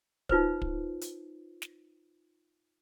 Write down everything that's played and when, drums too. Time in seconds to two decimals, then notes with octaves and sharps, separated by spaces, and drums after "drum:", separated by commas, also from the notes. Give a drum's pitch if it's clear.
0.29 D#4 F4 B4 C5, drum: kick
0.62 drum: kick
1.01 drum: hi-hat
1.62 drum: snare